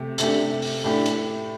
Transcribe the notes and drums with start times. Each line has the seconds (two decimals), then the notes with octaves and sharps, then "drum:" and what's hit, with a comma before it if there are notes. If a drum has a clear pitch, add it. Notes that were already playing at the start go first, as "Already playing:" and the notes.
Already playing: C3 A3 G4
0.18 C3 A3 D4 G4, drum: hi-hat
0.62 drum: open hi-hat
0.84 A2 A3 D4 G4
1.06 drum: hi-hat